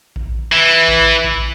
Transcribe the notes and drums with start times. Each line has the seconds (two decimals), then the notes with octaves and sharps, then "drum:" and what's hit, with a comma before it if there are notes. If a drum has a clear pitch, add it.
0.16 drum: kick A#1
0.52 E3
0.88 drum: kick A#1
1.24 drum: kick A#1